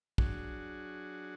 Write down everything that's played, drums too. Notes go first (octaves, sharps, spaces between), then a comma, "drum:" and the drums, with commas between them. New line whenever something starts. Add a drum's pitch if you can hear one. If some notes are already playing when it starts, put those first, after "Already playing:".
F#3 D4 F#4 G#4, drum: kick